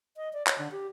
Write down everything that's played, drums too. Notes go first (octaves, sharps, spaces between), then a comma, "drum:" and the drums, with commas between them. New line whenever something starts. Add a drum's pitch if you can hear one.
D#5
D5
C#5, drum: clap
D3
G4